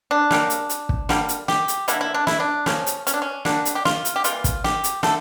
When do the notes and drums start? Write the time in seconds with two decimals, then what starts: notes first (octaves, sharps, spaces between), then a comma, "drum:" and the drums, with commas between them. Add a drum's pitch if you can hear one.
0.11 D4
0.31 C#3 G3 A#3, drum: snare
0.50 drum: hi-hat
0.69 drum: hi-hat
0.89 drum: kick
1.09 D3 G3 A#3, drum: snare
1.29 drum: hi-hat
1.48 G4, drum: snare
1.68 drum: hi-hat
1.88 D3 G3 A#3 E4, drum: hi-hat
2.01 E4
2.14 D4
2.27 E4, drum: snare
2.40 D4
2.66 C#3 F3 A#3 C#4, drum: snare
2.86 drum: hi-hat
3.07 C#4, drum: hi-hat
3.14 D4
3.22 C#4
3.45 D3 G3 A#3 D4, drum: snare
3.65 drum: hi-hat
3.75 G4
3.85 F4, drum: snare
4.05 drum: hi-hat
4.16 G4
4.24 E3 G3 A#3 F4, drum: hi-hat
4.44 drum: kick, hi-hat
4.64 G4, drum: snare
4.84 drum: hi-hat
5.03 D3 A3 A4, drum: snare